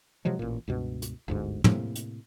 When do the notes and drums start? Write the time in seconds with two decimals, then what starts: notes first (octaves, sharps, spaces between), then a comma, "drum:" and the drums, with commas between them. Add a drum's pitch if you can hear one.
0.25 C3 F3 F#3 G#3
0.39 A1 A#2
0.68 C#2 G2 B2
1.02 drum: hi-hat
1.28 G1 D2 G#2
1.64 A2 C3 A#3, drum: tom
1.95 drum: hi-hat